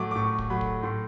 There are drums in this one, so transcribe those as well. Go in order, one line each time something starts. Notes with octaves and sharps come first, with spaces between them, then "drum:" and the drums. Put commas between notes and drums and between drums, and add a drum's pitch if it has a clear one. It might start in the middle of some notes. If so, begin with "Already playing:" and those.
Already playing: A2 F#3 A3 D6
D6
A2 C#6
drum: kick
F#3 A3 B5
drum: kick
A2 C6